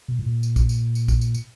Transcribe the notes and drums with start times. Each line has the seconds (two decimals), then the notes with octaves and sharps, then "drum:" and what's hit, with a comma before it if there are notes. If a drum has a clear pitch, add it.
0.08 B2
0.19 A2
0.26 A#2
0.43 drum: tambourine
0.56 drum: kick, tambourine
0.69 drum: tambourine
0.95 drum: tambourine
1.08 drum: kick, tambourine
1.21 drum: tambourine
1.34 drum: tambourine